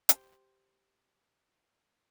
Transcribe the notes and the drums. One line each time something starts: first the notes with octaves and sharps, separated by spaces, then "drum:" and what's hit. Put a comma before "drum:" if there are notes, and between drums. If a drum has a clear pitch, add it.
G4 C5, drum: hi-hat